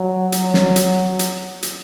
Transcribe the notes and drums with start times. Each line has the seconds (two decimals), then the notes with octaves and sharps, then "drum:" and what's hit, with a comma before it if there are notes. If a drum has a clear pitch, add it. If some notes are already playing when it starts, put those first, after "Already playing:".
Already playing: F#3
0.32 F#3, drum: hi-hat
0.54 drum: snare
0.76 drum: hi-hat
1.19 drum: hi-hat
1.63 drum: hi-hat